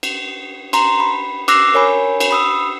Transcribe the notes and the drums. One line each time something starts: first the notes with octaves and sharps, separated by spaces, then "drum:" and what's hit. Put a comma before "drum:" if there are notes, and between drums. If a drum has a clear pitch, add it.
drum: cymbal
A#5 C6, drum: cymbal
B5
D6 E6 F#6 A#6 C7, drum: cymbal
A#4 C#5 G#5 B5
drum: cymbal
B5 D#6 E6